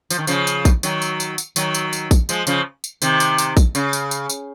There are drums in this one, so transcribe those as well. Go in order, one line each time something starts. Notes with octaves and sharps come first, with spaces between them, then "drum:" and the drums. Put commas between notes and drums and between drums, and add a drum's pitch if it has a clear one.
F3, drum: tambourine
D#3
C#3 F3, drum: tambourine
drum: tambourine
drum: kick A#1, tambourine
D#3 F#3, drum: tambourine
drum: tambourine
drum: tambourine
drum: tambourine
D#3 F#3, drum: tambourine
drum: tambourine
drum: tambourine
drum: kick A#1, tambourine
F3 G#3, drum: tambourine
C#3 F3, drum: tambourine
drum: tambourine
C3 D#3, drum: tambourine
drum: tambourine
drum: tambourine
drum: kick A#1, tambourine
C#3, drum: tambourine
drum: tambourine
drum: tambourine
drum: tambourine